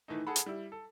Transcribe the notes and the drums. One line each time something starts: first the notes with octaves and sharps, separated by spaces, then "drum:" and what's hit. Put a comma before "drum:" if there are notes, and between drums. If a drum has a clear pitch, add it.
D#3 E3 A3 D#4
G#4 A4 F#5 B5
drum: hi-hat
G3 E4
A4